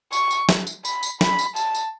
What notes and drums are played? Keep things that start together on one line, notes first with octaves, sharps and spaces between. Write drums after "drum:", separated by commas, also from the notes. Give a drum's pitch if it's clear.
C#6, drum: tambourine
drum: tambourine
drum: snare
drum: tambourine
B5, drum: tambourine
drum: tambourine
B5, drum: snare
drum: tambourine
A5, drum: tambourine
drum: tambourine